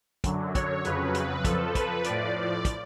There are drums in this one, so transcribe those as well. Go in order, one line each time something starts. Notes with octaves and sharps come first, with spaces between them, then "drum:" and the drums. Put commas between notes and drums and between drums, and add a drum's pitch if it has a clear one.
F#2 D3 F#3, drum: kick, hi-hat
C#5, drum: kick, hi-hat
F2 C#3 F#3 B4, drum: hi-hat
drum: hi-hat
F2 F3 A4, drum: kick, hi-hat
B4, drum: kick, hi-hat
A2 F3 D5, drum: hi-hat
D5
drum: kick, hi-hat